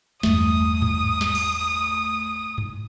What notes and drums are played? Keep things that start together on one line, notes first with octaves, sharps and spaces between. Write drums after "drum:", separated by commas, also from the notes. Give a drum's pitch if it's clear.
G#1 E2 G2 A3 D#6, drum: snare
drum: tom G2
drum: snare
drum: cymbal
drum: tom G2